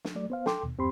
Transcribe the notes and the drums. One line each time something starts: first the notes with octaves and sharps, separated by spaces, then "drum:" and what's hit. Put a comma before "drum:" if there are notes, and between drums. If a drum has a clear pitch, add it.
drum: snare
F#3 A3 D5
B3 C5 F5
A4 G5 C6 D6, drum: snare
D#2 B2
E2 G2 C4 G4 B5 C6